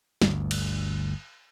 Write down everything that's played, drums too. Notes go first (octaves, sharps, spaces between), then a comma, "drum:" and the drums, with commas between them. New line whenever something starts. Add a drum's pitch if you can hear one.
G1 D2, drum: snare
drum: cymbal